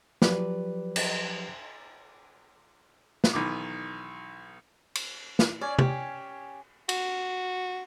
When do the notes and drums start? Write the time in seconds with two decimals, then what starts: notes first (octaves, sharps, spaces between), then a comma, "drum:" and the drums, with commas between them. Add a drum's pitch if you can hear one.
0.22 F3 F#3 G4 B4 D5, drum: snare
0.96 drum: cymbal
3.24 drum: snare
3.33 B1 D#3 E3 D6
4.95 drum: cymbal
5.39 drum: snare
5.61 C#4 D5 G#5 D6
5.79 G4, drum: tom
6.89 F#4, drum: cymbal